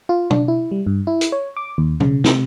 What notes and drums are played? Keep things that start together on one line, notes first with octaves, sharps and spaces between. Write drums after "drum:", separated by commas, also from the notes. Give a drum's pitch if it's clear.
F4
D4, drum: tom
E4
G3
G2
E4
drum: hi-hat
C#5
D6
D#2
C#3, drum: tom
C3, drum: snare